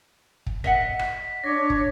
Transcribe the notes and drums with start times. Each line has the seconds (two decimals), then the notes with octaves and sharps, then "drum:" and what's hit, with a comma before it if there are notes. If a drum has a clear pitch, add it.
0.47 drum: kick
0.64 D#5 E5 F#5 B6 F7, drum: kick
0.99 drum: rim click
1.44 D4 C#5 D6 A#6
1.70 drum: kick